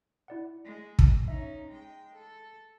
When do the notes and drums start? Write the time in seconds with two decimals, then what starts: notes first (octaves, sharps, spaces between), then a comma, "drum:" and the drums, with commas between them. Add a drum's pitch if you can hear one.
0.28 E4 D5 F#5
0.65 G#3
0.99 drum: kick
1.28 C#4 D#4 E5
1.68 G#3 G5
2.15 A4